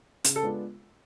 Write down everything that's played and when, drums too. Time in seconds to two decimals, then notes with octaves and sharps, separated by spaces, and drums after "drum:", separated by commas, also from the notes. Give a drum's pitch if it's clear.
0.24 C#3, drum: hi-hat
0.36 A4
0.43 G#3 B3 D4 F4